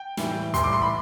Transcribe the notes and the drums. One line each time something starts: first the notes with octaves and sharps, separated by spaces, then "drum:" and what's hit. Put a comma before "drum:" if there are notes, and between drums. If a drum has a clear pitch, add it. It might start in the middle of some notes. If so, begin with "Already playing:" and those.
Already playing: G5
A2 E3 G3, drum: snare
A2 E3 G3 C6, drum: kick, hi-hat
D6
C6
B5